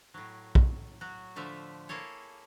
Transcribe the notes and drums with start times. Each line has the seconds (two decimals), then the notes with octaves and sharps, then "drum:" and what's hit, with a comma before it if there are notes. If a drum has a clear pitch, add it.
0.14 A2 F#3
0.55 drum: kick
1.01 F#3 F#4
1.36 D3 F3 A3 E5
1.89 A#3 E4 G#4 A4 C#5